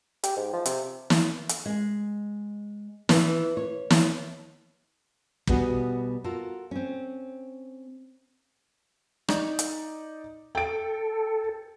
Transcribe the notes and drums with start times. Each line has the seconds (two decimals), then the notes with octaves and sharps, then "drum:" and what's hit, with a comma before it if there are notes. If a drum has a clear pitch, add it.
0.24 G4, drum: hi-hat
0.36 G#2
0.53 F3
0.66 C3, drum: hi-hat
1.10 drum: snare
1.49 drum: hi-hat
1.66 G#3
3.09 E3, drum: snare
3.57 C#5
3.90 drum: snare
5.47 B2 G3 B3 F#4 G#4, drum: kick
6.24 F4 F#4 A4 A#4
6.71 C4 C#4
9.28 D#4 D5, drum: rim click
9.59 drum: hi-hat
10.55 A4 G5 D7